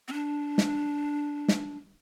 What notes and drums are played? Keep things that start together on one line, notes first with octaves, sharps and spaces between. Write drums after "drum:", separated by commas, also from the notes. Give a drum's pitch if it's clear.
C4
D4
drum: snare
drum: snare